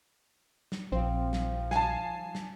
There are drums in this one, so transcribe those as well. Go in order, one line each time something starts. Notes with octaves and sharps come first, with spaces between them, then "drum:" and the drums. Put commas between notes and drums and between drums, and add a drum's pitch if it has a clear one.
drum: snare
A#1 F3 C4
drum: snare
G#5 A5 C7, drum: snare
drum: snare